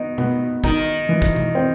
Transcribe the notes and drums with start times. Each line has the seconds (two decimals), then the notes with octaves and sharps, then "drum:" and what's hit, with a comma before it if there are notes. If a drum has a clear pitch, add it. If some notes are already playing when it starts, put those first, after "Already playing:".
Already playing: D#3 B3
0.18 B3, drum: tom B2
0.64 D#3 D#4, drum: kick
1.09 E3
1.22 drum: kick
1.36 drum: tom B2
1.55 C4